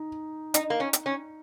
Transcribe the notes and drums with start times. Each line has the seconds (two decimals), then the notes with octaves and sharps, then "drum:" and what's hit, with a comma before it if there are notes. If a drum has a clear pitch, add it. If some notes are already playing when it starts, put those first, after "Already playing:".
Already playing: D#4
0.54 D#4, drum: hi-hat
0.70 A#3
0.80 C#4
0.93 drum: hi-hat
1.06 C#4